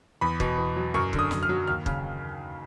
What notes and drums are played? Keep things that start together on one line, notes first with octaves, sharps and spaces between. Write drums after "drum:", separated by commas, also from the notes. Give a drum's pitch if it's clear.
E2 B5
B2, drum: kick
E2
F#3
F#2 C#6
D3, drum: kick
D#6
F#2, drum: snare
F6
F#3
D#2 F6
C#3, drum: kick